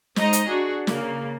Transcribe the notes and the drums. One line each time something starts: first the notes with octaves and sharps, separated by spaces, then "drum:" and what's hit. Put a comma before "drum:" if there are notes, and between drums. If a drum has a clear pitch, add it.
G#3 D#4 C5 D#5 A#5, drum: snare
drum: hi-hat
D4 F#4 G#4
C#3 A#3, drum: snare